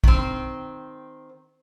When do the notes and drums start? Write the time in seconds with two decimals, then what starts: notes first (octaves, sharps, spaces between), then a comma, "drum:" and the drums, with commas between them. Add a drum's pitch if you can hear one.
0.04 D#3 C4, drum: kick